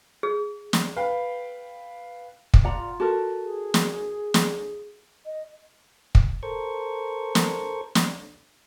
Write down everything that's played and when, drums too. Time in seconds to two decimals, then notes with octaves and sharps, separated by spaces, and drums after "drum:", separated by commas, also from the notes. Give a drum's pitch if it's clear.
0.23 G#4
0.73 drum: snare
0.96 B4 F5 G5
2.54 drum: kick
2.64 F4 D5 F#5 A#5
3.00 F#4 A4 A#4
3.44 G#4
3.74 drum: snare
4.34 drum: snare
5.26 D#5
6.15 drum: kick
6.43 A4 A#4 C5 C#6
7.35 drum: snare
7.95 drum: snare